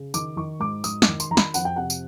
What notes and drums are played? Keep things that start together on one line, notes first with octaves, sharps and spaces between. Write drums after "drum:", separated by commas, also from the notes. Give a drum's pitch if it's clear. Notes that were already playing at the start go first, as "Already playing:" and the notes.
Already playing: C#3
D#3 D6, drum: tambourine
D#3 C#6
G#2 D6
G#2 D#6, drum: tambourine
D6, drum: snare
D#3
C6, drum: tambourine
D#3 A#5
B5, drum: snare
F2 F#5, drum: tambourine
G5
C3 F#5
drum: tambourine